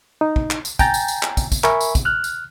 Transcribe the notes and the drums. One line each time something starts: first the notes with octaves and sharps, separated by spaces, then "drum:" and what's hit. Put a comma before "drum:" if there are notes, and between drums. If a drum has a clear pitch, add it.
D#4
drum: kick
drum: clap
drum: tambourine
G5 G#5 A#5 G6 A6, drum: kick, tambourine
drum: tambourine
drum: tambourine
drum: clap
drum: kick, tambourine
drum: kick, tambourine
A#4 E5 G#5 B5 C#6, drum: clap
drum: tambourine
drum: kick, tambourine
F6 F#6
drum: tambourine